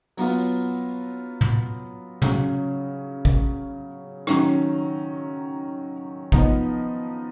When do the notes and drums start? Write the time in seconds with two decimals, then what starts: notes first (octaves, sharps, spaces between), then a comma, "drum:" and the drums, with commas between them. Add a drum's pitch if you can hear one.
0.17 F#3 B3 F4, drum: open hi-hat
1.41 drum: tom
2.22 C#3 F#3 C#4, drum: tom
3.25 drum: kick A1
4.27 D#3 F#3 C#4, drum: rim click
6.32 F3 B3 D#4, drum: kick A1